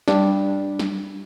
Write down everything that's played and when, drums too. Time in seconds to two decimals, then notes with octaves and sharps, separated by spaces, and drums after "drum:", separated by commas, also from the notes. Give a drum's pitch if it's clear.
0.08 G3 D4, drum: snare
0.79 drum: snare